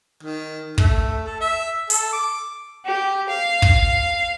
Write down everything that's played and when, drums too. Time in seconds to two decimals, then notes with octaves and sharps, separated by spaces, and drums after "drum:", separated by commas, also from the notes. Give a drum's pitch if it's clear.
0.23 D#3
0.78 A3, drum: kick
1.26 A4
1.41 E5
1.90 A4, drum: hi-hat
2.13 D6
2.86 G4
3.29 F5
3.62 drum: kick